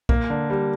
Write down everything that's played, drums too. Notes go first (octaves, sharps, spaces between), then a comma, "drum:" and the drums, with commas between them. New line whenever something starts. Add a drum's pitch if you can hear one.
A#3, drum: kick B1
D3
G3